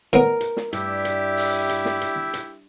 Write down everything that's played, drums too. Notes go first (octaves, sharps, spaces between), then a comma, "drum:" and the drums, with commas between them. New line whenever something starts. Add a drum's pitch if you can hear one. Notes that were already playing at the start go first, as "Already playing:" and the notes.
A2 B3 A#4
drum: hi-hat
drum: snare
G2 E4 G4 E5, drum: hi-hat
drum: hi-hat
drum: open hi-hat
drum: hi-hat
drum: snare
drum: hi-hat
drum: hi-hat